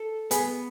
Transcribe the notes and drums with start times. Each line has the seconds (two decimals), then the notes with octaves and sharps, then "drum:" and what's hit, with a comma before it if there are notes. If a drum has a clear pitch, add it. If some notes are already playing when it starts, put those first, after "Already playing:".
Already playing: A4
0.31 B3 G#4, drum: hi-hat